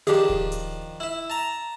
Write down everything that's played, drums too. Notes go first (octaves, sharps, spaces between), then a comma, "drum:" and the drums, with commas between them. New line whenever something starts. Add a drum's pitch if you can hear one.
D#3 F3 D4 G4 G#4, drum: hi-hat
drum: kick D1
drum: hi-hat
E4 E5
A5 A#5